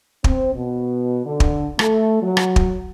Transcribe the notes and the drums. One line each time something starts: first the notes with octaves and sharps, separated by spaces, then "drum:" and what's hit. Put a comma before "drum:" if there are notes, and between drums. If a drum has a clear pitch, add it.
C4, drum: kick
B2
D3
drum: kick
A3, drum: rim click
F#3
drum: rim click
drum: kick